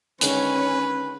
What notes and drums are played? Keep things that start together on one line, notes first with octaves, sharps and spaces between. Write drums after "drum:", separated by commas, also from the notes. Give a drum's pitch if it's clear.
D3 D#3 G#3 C#4 B4 C#5 G#5, drum: hi-hat